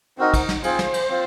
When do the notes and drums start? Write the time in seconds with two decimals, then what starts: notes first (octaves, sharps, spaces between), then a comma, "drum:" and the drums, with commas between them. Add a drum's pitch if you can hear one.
0.18 C4 D#4 F#4 A#4 D#5
0.34 drum: kick, cymbal
0.49 drum: snare
0.64 C4 F4 G#4 C5, drum: cymbal
0.79 drum: snare
0.94 drum: cymbal
1.09 C4 F4